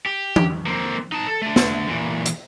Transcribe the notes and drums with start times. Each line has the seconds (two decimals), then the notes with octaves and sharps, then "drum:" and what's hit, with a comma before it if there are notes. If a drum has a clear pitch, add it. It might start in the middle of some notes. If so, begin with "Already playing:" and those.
0.06 G4
0.36 drum: tom E3
0.66 A#3 C4
1.12 D#4 A5
1.27 A4
1.42 D3 A3
1.56 drum: snare
1.88 A#2 E3
2.26 drum: hi-hat